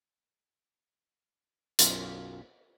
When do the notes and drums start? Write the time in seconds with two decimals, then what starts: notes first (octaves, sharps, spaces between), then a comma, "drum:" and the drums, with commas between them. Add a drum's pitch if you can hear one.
1.79 B1 F#2 F4 F5, drum: hi-hat